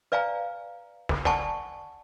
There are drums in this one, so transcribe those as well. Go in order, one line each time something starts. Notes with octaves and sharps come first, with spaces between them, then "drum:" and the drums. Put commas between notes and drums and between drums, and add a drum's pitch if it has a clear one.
B4 D5 F5 G#5 A#5
drum: snare
D5 F#5 G#5 A5 C#6, drum: snare